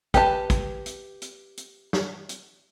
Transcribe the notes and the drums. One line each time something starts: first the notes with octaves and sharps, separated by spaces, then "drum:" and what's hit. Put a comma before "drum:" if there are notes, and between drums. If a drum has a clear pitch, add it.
G4 B4 A5, drum: kick, hi-hat
drum: kick, hi-hat
drum: hi-hat
drum: hi-hat
drum: hi-hat
drum: snare
drum: hi-hat